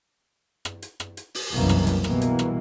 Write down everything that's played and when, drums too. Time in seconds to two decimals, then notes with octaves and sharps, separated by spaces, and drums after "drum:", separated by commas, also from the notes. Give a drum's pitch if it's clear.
0.65 drum: rim click
0.82 drum: hi-hat
1.00 drum: rim click
1.17 drum: hi-hat
1.35 drum: open hi-hat
1.53 F#1 C2 F#2 B2 E3 A#3
1.69 drum: rim click
1.87 drum: hi-hat
2.04 B2 E3 G3 A#3, drum: rim click
2.21 drum: hi-hat
2.39 drum: rim click